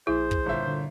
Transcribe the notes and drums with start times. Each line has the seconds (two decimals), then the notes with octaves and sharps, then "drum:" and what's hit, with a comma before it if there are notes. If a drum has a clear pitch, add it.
0.07 A#1 E4 G#4 C5 E5
0.31 drum: kick
0.46 G1 A#2 E5
0.67 D3